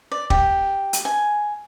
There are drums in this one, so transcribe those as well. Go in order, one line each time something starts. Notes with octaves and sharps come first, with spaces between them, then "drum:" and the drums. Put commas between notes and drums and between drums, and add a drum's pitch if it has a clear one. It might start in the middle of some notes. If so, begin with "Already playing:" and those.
D5
G4, drum: kick
drum: hi-hat
G#5